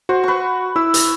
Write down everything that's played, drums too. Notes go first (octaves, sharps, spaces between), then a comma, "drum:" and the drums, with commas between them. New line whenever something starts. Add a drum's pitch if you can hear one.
F#4 C5
B4 C#6
E4 E6
drum: hi-hat